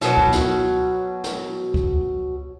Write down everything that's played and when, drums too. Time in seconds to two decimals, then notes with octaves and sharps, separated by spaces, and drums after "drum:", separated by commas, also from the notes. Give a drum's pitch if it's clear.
0.01 B2 F#3, drum: snare
0.17 drum: kick C#2
0.32 drum: snare
1.24 drum: snare
1.74 drum: kick C#2